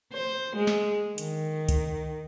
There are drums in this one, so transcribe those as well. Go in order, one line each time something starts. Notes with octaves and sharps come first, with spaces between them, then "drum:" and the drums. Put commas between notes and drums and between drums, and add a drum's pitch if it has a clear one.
C5
G#3
drum: snare
D#3, drum: hi-hat
drum: kick, hi-hat